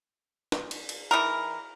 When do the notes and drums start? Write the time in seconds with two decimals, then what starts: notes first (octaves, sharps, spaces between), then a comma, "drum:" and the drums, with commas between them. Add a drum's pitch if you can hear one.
0.52 drum: snare
0.71 drum: cymbal
0.89 drum: cymbal
1.11 E3 D#4 A#4